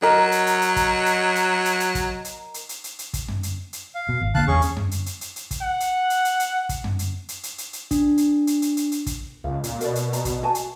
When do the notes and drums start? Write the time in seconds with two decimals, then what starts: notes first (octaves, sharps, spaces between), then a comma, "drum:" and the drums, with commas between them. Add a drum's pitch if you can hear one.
0.02 F#3 A#4 D#5
0.32 drum: hi-hat
0.47 drum: hi-hat
0.61 drum: hi-hat
0.76 drum: kick, hi-hat
1.06 drum: hi-hat
1.36 drum: hi-hat
1.65 drum: hi-hat
1.80 drum: hi-hat
1.95 drum: kick, hi-hat
2.25 drum: hi-hat
2.54 drum: hi-hat
2.69 drum: hi-hat
2.84 drum: hi-hat
2.99 drum: hi-hat
3.13 drum: kick, hi-hat
3.28 drum: tom F#2
3.43 drum: hi-hat
3.73 drum: hi-hat
3.95 F5
4.09 B2
4.21 G#1
4.35 D3 A#3 F5 A5 F#6, drum: kick
4.48 E2 C#4 G#4 C#6
4.62 drum: hi-hat
4.77 drum: tom F#2
4.91 drum: hi-hat
5.06 drum: hi-hat
5.21 drum: hi-hat
5.36 drum: hi-hat
5.51 drum: kick, hi-hat
5.62 F#5
5.80 drum: hi-hat
6.10 drum: hi-hat
6.25 drum: hi-hat
6.40 drum: hi-hat
6.69 drum: kick, hi-hat
6.84 drum: tom F#2
6.99 drum: hi-hat
7.29 drum: hi-hat
7.43 drum: hi-hat
7.58 drum: hi-hat
7.73 drum: hi-hat
7.91 D4, drum: kick, hi-hat
8.17 drum: hi-hat
8.47 drum: hi-hat
8.62 drum: hi-hat
8.77 drum: hi-hat
8.92 drum: hi-hat
9.06 drum: kick, hi-hat
9.44 C#2 F5
9.64 A#2, drum: hi-hat
9.81 B2 A#4 D5, drum: hi-hat
9.95 drum: hi-hat
10.13 D5 A#5, drum: hi-hat
10.25 drum: kick, hi-hat
10.43 F#4 G#5 A5
10.55 drum: hi-hat